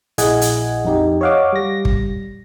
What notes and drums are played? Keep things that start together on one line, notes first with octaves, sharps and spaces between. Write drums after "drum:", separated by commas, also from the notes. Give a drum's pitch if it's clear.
A#1 E4 G#4 D#5 F#5 G#6, drum: hi-hat
drum: hi-hat
F2 D#4 G4
C#5 D#5 F5 F#5 D6
G3 A#6
drum: kick